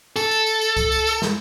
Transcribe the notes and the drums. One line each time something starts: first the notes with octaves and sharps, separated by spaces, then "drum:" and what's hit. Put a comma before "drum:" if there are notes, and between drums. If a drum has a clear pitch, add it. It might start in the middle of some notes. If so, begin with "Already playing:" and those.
A4, drum: tambourine
drum: tambourine
drum: tambourine
drum: tambourine
drum: kick C#2, tambourine
drum: tambourine
drum: tambourine
drum: snare